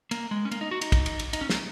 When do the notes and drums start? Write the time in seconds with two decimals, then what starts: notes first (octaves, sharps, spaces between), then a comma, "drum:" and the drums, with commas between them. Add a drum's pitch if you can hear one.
0.11 A#3, drum: cymbal
0.31 G#3
0.45 C#4
0.51 A#3, drum: cymbal
0.61 D#4
0.71 F#4
0.81 D#4, drum: cymbal
0.92 drum: kick, cymbal
1.06 drum: cymbal
1.19 drum: cymbal
1.33 D#4, drum: cymbal
1.41 C#4
1.50 A#3, drum: snare